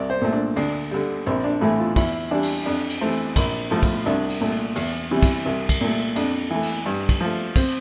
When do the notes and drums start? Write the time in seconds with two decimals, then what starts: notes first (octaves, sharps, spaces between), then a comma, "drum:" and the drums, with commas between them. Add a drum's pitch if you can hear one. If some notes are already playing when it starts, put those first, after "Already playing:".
Already playing: C2 D5
0.10 C5
0.22 A#2 A3
0.33 D4
0.56 D2 D4, drum: cymbal
0.91 D3 G3
1.26 A#1 C4
1.44 D4
1.61 A2 E3 A3 E4
1.78 F4
1.96 E2 E4, drum: kick, cymbal
2.31 E3 G3 D4
2.43 drum: cymbal
2.66 F2 D4
2.89 drum: cymbal
3.01 E3 A3 C4
3.36 A#1, drum: kick, cymbal
3.71 A2 F3 A3
3.83 drum: kick, cymbal
4.06 C2 D4
4.29 drum: cymbal
4.41 A#2 A3
4.76 E2, drum: cymbal
5.11 C3 E3 G3
5.23 drum: kick, cymbal
5.46 C2
5.69 drum: kick, cymbal
5.81 A#2 A3
6.16 F2 D4, drum: cymbal
6.50 E3 A3
6.62 drum: cymbal
6.86 G2
7.09 drum: kick, cymbal
7.21 F3 A3
7.56 C4, drum: kick, cymbal